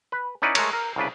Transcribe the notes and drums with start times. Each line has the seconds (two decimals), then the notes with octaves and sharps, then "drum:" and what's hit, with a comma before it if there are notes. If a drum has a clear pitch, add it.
0.12 B4
0.42 C#4 D#4 E4 B4 D5 F#5
0.55 G#3 A3 A#4 C#5, drum: cymbal
0.73 A#4
0.96 C2 C#3 D4 B4